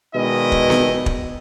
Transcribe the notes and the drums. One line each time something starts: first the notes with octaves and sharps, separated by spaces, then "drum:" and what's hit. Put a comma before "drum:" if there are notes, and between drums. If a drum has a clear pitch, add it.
B2 D#3 G#3 D4 E4 D#5
drum: kick
drum: snare B3
drum: kick